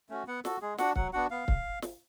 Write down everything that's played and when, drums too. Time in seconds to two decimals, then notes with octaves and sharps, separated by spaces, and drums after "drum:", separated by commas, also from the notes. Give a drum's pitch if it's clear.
0.09 A3 C#4 F#4
0.27 B3 F#5
0.45 F#4 A4, drum: snare
0.62 G#3 G#4
0.78 D4 F#4 F#5, drum: snare
0.96 F#3 F#5, drum: kick C#1
1.13 B3 D4 F#4 F#5
1.31 B3 F5
1.48 drum: kick C#1
1.82 drum: snare